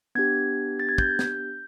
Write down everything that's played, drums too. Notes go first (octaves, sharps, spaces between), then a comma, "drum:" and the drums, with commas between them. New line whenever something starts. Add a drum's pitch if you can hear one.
B3 D4 G4 G#6
A6
G#6
G6, drum: kick
drum: snare